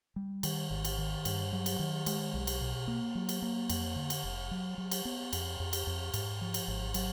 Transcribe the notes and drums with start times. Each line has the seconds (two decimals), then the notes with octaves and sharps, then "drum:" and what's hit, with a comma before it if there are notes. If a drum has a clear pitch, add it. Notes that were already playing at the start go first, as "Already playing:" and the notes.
0.16 G3
0.43 D#3, drum: cymbal
0.71 G#1
0.85 drum: cymbal
0.98 D#3
1.25 G2, drum: cymbal
1.53 F#3
1.66 drum: cymbal
1.79 D#3
2.06 G#3, drum: cymbal
2.34 B1
2.47 drum: cymbal
2.61 B2
2.88 A#3
3.15 F#3
3.29 drum: cymbal
3.42 A#3
3.70 F2, drum: cymbal
3.96 D3
4.10 drum: cymbal
4.24 F1
4.51 F#3
4.78 F#3
4.91 drum: cymbal
5.05 B3
5.33 F2, drum: cymbal
5.60 F2
5.73 drum: cymbal
5.87 F2
6.14 G#2, drum: cymbal
6.41 F3
6.54 drum: cymbal
6.68 G#1
6.94 F#3, drum: cymbal